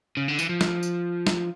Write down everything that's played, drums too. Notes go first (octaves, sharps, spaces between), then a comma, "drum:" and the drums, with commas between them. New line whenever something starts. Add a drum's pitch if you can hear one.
C#3
D3
E3, drum: tambourine
F3
drum: snare
drum: tambourine
drum: snare